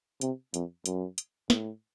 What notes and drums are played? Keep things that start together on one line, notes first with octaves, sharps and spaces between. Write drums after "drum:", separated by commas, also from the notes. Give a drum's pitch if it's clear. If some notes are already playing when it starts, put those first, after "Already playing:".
C3, drum: hi-hat
F2, drum: hi-hat
F#2, drum: hi-hat
drum: hi-hat
A2, drum: snare